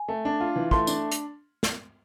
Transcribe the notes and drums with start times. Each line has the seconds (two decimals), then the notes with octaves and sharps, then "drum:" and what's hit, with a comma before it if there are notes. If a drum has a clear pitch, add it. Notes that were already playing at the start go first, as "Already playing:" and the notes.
Already playing: G#5
0.08 A3
0.25 D4
0.40 F4
0.56 E3
0.71 A3 C6, drum: kick
0.87 D4, drum: tambourine
1.11 drum: hi-hat
1.63 drum: snare